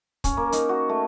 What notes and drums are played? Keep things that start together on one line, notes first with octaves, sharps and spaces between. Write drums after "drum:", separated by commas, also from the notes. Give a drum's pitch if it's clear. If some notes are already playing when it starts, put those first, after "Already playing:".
C#4, drum: kick, hi-hat
A#3
D#4, drum: hi-hat
F#4
A3